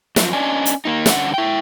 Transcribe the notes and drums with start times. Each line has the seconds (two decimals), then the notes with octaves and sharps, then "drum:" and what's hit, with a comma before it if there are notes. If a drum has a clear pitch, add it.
0.16 F#2 F3, drum: snare
0.33 C#4 D4 D5 D#5 G#5
0.66 drum: hi-hat
0.85 A#3 D#4
1.06 G2 D3 C#4 F#5, drum: snare
1.34 E4 G5